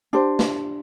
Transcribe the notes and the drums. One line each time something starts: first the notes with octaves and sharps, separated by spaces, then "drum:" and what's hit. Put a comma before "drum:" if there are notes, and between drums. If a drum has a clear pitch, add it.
D4 G4 C5
drum: snare